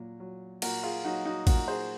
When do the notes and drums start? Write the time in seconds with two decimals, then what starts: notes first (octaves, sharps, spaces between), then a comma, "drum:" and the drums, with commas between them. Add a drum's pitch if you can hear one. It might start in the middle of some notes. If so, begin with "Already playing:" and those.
Already playing: A#2 F#3
0.20 F#3
0.62 A#2 F#4 A#4, drum: cymbal
0.83 F4 G#4
1.04 F#3 D#4 F#4
1.25 D#4 F#4
1.47 A#2 F#4 A#4, drum: kick, cymbal
1.68 G#4 C5